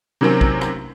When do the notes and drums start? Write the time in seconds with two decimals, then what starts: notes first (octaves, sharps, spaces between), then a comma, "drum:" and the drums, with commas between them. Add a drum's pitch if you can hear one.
0.21 C3 D#3 F#3 A#3 C4 C#4
0.41 drum: kick
0.61 drum: rim click